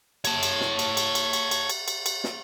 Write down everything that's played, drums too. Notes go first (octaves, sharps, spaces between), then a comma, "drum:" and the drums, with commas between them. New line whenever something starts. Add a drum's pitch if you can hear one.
C#5 A5, drum: cymbal
drum: cymbal
drum: snare
drum: cymbal
drum: cymbal
drum: cymbal
drum: cymbal
drum: cymbal
drum: cymbal
drum: cymbal
drum: cymbal
drum: snare